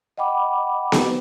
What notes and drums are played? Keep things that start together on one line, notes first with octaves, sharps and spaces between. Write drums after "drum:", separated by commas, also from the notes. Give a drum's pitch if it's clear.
D#5 F#5 G5 B5 D6
drum: snare B3